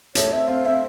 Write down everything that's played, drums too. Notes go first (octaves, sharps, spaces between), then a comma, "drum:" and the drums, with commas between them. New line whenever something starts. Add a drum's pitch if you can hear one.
A3 C#5, drum: hi-hat
C4 E5
C4 F5
C4 E5